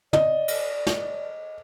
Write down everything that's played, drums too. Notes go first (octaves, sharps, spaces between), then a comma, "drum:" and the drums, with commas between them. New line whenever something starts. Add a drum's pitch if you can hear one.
D5 D#5, drum: tom
drum: cymbal
drum: snare